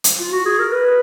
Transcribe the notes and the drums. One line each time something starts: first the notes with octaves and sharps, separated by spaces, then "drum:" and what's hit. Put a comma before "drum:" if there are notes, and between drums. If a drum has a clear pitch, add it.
drum: hi-hat
F4
F#4
G#4
A#4
B4